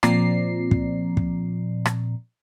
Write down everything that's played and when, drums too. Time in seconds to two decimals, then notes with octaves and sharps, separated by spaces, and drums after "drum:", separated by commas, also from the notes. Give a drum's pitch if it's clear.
0.03 A#2 F3 C4 D5 A#5 C7, drum: rim click
0.71 drum: kick
1.17 drum: kick
1.85 drum: rim click